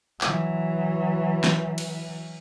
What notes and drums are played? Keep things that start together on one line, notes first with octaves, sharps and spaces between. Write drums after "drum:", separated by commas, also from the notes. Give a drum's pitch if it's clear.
E3 F#3, drum: clap
drum: snare
drum: cymbal